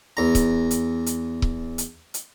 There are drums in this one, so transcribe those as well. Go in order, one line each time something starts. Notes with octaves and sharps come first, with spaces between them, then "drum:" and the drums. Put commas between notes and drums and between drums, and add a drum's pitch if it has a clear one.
E2 A#5
drum: kick C#1, hi-hat
drum: hi-hat
drum: hi-hat
drum: kick C#1
drum: hi-hat
drum: hi-hat